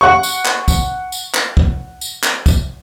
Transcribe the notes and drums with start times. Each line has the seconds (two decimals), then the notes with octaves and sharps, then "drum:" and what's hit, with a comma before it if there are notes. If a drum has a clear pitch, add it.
0.01 F#5 C#6
0.23 drum: tambourine
0.46 drum: clap
0.68 drum: kick, tambourine
1.12 drum: tambourine
1.35 drum: clap
1.57 drum: kick
2.01 drum: tambourine
2.24 drum: clap
2.46 drum: kick, tambourine